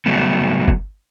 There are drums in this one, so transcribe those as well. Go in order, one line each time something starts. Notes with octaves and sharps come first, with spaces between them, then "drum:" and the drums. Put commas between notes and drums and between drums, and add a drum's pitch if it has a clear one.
C#3 F#3 G3 A3 B3
drum: kick